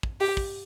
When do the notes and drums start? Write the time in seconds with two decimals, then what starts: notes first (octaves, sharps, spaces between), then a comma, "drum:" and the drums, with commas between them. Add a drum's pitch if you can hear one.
0.03 drum: kick
0.20 G4, drum: open hi-hat
0.37 drum: kick